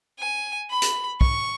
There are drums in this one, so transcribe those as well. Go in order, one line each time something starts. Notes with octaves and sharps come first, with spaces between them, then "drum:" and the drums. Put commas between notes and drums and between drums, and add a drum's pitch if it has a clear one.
G#5
B5
drum: hi-hat
C#6, drum: kick B1